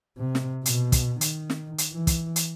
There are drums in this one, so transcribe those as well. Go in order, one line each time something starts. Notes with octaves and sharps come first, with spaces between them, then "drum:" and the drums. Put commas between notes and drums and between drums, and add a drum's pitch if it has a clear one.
C3
drum: snare
B2, drum: hi-hat
drum: kick, hi-hat
D#3, drum: hi-hat
drum: snare
drum: hi-hat
E3
drum: kick, hi-hat
drum: hi-hat